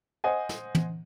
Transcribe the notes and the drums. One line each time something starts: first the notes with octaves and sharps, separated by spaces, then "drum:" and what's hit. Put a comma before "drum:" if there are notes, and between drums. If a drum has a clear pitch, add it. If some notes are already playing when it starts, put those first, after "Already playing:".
C5 D#5 F#5 G#5
drum: snare
drum: tom